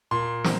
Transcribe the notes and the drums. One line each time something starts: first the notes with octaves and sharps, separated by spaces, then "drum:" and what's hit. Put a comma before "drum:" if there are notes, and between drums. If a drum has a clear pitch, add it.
A#2 C6
C4, drum: snare